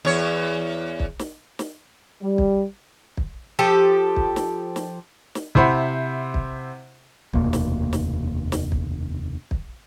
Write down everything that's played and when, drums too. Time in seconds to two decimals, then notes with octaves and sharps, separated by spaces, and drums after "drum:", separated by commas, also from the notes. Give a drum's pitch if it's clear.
0.05 E2 C#5
1.00 drum: kick
1.19 drum: snare
1.59 drum: snare
2.22 G3
2.38 drum: kick
3.17 drum: kick
3.59 F3 G4 A4
4.16 drum: kick
4.36 drum: snare
4.76 drum: snare
5.35 drum: snare
5.55 C3 E4 C5 F#5 B5, drum: kick
6.34 drum: kick
7.33 F1 D#2 B2 A#3, drum: kick
7.53 drum: snare
7.93 drum: snare
8.52 drum: snare
8.72 drum: kick
9.51 drum: kick